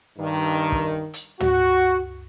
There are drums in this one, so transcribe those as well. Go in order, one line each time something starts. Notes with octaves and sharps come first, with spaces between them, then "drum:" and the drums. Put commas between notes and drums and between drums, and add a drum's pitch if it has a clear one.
G2 D#3
drum: kick
drum: hi-hat
F#4, drum: tom